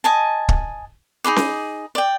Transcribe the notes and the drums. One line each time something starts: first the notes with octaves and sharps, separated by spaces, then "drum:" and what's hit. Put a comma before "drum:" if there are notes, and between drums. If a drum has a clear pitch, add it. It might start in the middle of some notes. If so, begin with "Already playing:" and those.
D#5 G#5 A5
drum: kick
D#4 G#4 B5 D6
drum: snare C#4
D5 G5